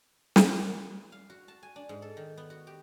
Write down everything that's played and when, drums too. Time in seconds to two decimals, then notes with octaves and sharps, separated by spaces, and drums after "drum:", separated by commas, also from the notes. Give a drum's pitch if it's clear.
0.36 drum: snare
1.12 F5
1.30 F#4
1.48 A5
1.63 G#5
1.76 D4
1.89 G#2
2.02 A4
2.17 D#3
2.37 B3
2.50 F#4
2.67 G4